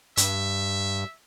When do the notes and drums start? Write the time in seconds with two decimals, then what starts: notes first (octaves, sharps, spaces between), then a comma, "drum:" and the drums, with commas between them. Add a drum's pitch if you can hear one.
0.17 G2 E5, drum: hi-hat